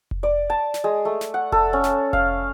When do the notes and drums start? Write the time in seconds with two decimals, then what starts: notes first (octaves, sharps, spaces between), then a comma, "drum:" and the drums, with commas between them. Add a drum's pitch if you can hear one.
0.11 drum: kick F1
0.23 D5
0.50 A5
0.74 drum: snare
0.84 G#3
1.05 A3
1.21 drum: snare
1.34 F#5
1.52 A4, drum: kick F1
1.73 C#4
1.84 drum: snare
2.13 F5, drum: kick F1